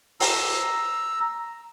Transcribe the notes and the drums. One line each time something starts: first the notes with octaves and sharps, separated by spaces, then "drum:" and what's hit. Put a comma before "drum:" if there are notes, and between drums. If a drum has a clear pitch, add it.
A#5 E6, drum: open hi-hat